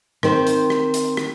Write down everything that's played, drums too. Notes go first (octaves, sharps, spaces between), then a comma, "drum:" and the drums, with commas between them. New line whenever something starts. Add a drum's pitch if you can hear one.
D#3 C4 C5, drum: rim click
drum: hi-hat
drum: rim click
drum: hi-hat
drum: rim click